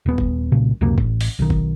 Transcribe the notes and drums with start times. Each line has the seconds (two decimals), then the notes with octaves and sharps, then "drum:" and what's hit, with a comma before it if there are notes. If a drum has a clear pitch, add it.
0.06 D#1 B3
0.18 drum: kick F#1
0.52 C2 A#2 C#3
0.81 C#2 F#2 C3 A#3
0.98 A1, drum: kick F#1
1.21 drum: open hi-hat
1.39 B1 D#3
1.50 drum: kick F#1